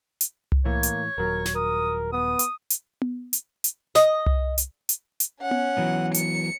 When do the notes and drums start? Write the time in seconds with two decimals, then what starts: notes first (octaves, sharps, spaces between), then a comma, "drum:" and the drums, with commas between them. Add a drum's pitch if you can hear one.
0.21 drum: hi-hat
0.52 drum: tom C2
0.65 A2 E3 A#3 C#5
0.83 drum: hi-hat
1.18 D#1 F#3 A#4
1.45 drum: snare
1.55 A#4 D#6
2.13 B3 D#6
2.39 drum: hi-hat
2.70 drum: hi-hat
3.02 drum: tom B3
3.33 drum: hi-hat
3.64 drum: hi-hat
3.95 D#5, drum: snare
4.26 drum: tom C2
4.58 drum: hi-hat
4.89 drum: hi-hat
5.20 drum: hi-hat
5.42 C#4 F#5
5.51 drum: tom B3
5.77 E3 F#3 B3
6.14 C#7, drum: hi-hat